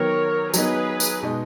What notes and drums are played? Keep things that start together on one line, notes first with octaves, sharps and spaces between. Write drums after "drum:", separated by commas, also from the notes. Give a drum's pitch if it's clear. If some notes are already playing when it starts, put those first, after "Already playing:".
Already playing: D#3 F#3 B3 A#4 C#5
F#3 B3 D#4 G#4 B4, drum: tambourine
drum: tambourine
B2 G#3 D#4